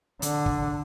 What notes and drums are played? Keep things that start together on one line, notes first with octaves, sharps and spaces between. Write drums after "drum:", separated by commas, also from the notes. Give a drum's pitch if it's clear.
D3, drum: hi-hat
drum: kick